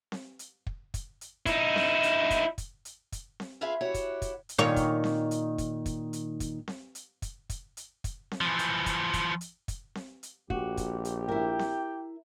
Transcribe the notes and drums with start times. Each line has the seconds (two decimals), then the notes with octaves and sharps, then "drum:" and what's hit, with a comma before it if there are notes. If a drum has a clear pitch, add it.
0.12 drum: snare C4
0.39 drum: hi-hat
0.67 drum: kick
0.94 drum: kick, hi-hat
1.21 drum: hi-hat
1.46 D#4 E4, drum: kick, hi-hat
1.76 drum: snare C4
2.03 drum: hi-hat
2.30 drum: kick, hi-hat
2.58 drum: kick, hi-hat
2.85 drum: hi-hat
3.12 drum: kick, hi-hat
3.40 drum: snare C4
3.61 F4 G#4 B4 E5 F5
3.81 E4 F#4 G4 C#5 F#5
3.94 drum: kick, hi-hat
4.22 drum: kick, hi-hat
4.49 drum: hi-hat
4.58 A#2 D#3 C#5
4.76 drum: kick, hi-hat
5.04 drum: snare C4
5.31 drum: hi-hat
5.58 drum: kick, hi-hat
5.86 drum: kick, hi-hat
6.13 drum: hi-hat
6.40 drum: kick, hi-hat
6.68 drum: snare C4
6.95 drum: hi-hat
7.22 drum: kick, hi-hat
7.50 drum: kick, hi-hat
7.77 drum: hi-hat
8.04 drum: kick, hi-hat
8.31 drum: snare C4
8.41 E3 F3
8.59 drum: hi-hat
8.86 drum: kick, hi-hat
9.13 drum: kick, hi-hat
9.41 drum: hi-hat
9.68 drum: kick, hi-hat
9.95 drum: snare C4
10.23 drum: hi-hat
10.50 A#1 F#4 G4, drum: kick
10.77 drum: kick, hi-hat
11.05 drum: hi-hat
11.28 E4 A#4 G5
11.59 drum: snare C4